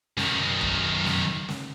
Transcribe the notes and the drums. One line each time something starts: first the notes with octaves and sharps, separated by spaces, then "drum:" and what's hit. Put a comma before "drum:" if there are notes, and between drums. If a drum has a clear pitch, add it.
F#2 D#3, drum: snare
drum: kick
drum: snare
drum: snare